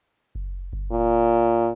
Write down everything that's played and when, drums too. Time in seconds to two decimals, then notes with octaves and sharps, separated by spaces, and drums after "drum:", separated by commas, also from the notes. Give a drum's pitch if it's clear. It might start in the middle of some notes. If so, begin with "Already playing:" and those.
0.35 drum: kick F#1
0.73 drum: kick F#1
0.92 A#2